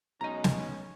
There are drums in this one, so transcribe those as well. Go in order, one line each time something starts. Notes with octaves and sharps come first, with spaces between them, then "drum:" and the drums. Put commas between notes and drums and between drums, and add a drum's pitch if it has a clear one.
B1 B2 G#3 C#4 D#5 A#5
drum: snare